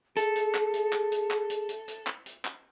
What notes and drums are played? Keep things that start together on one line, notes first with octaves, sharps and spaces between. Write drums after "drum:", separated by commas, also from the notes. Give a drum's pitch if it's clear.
G#4 A4, drum: hi-hat
drum: hi-hat
drum: clap
drum: hi-hat
drum: clap
drum: hi-hat
drum: clap
drum: hi-hat
drum: hi-hat
drum: hi-hat
drum: clap
drum: hi-hat
drum: clap